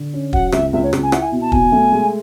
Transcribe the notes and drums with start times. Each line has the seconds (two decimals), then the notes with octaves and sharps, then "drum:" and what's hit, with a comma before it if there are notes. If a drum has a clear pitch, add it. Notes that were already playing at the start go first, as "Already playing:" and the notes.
Already playing: D3
0.14 C#4
0.33 F#3 F#5, drum: kick
0.52 C#2 E5, drum: rim click
0.73 C#2 E5
0.83 C#5
0.93 C#2, drum: rim click
1.03 G#5
1.12 E4 F#5, drum: rim click
1.22 G#5
1.32 B2
1.42 A5
1.52 B2 G#5, drum: kick
1.72 A3
1.92 G#3